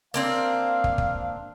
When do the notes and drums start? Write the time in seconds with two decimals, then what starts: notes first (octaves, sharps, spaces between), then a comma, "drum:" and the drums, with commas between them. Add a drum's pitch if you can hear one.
0.14 A#3 C4 D4 F5
0.84 drum: kick
0.98 drum: kick